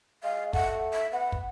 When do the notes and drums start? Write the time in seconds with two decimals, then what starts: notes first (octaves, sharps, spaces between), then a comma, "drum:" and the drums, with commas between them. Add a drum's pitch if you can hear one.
0.23 G#3 F5
0.53 A3 F#5, drum: kick
0.93 E5
1.12 B3 F#5
1.32 drum: kick